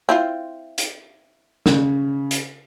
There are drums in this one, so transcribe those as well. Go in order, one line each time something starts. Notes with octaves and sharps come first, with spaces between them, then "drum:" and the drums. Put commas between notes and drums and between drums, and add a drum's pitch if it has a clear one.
C4 E4 F4
drum: hi-hat
C#3, drum: snare
drum: hi-hat